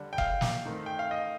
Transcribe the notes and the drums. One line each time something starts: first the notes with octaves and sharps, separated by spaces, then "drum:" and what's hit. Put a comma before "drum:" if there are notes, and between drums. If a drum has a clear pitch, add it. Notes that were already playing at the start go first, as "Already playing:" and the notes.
Already playing: D3 G3 D4
G5
F5, drum: kick F#1
drum: snare
D#3 A3 C4 D#4
G5
F5
D#5